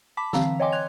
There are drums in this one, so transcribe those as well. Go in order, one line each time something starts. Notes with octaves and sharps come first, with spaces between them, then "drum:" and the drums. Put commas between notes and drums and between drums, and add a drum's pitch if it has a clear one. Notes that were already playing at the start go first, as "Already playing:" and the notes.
A5 B5 D6 B6
D3 E3 C4 F5 A#5 E6, drum: snare
C#5 D#5 G5 G#5 C6 D6
C6 F#6 G#6 F7